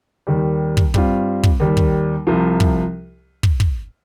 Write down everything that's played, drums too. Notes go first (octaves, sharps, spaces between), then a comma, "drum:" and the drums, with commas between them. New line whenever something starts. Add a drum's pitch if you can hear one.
D#2 D#3 G3
drum: kick
G2 G3 C4 F4, drum: kick
drum: kick
D#2 D#3 G3
drum: kick
C2 C3 F3
drum: kick
drum: kick
drum: kick